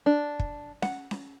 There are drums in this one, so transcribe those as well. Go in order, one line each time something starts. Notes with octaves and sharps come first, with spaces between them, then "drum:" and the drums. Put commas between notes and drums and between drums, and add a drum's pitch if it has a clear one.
D4
drum: kick
F#5, drum: snare C#4
drum: snare C#4